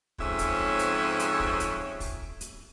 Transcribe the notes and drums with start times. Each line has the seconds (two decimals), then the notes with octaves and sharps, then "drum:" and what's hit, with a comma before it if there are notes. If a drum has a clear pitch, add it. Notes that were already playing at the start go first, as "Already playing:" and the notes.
0.18 F2 G#2 C#4 C#5 E5, drum: kick
0.39 drum: kick, hi-hat
0.79 drum: hi-hat
1.19 drum: hi-hat
1.40 drum: kick
1.60 drum: hi-hat
2.00 drum: kick, open hi-hat
2.41 drum: hi-hat